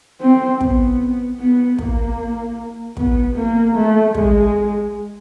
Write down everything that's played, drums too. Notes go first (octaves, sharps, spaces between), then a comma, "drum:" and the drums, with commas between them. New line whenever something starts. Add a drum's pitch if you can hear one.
C4
B3, drum: kick
B3
A#3, drum: kick
B3, drum: kick
A#3
A3
G#3, drum: kick